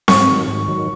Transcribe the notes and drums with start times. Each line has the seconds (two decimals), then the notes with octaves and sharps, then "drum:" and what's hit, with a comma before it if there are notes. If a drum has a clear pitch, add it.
0.08 G#2 C#6, drum: snare C4
0.28 D#3 F#3
0.48 G#2
0.68 D#3 F#3